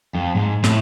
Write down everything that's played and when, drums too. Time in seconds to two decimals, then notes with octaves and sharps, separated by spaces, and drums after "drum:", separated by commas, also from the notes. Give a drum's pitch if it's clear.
0.15 F2
0.36 G#2
0.64 A2, drum: snare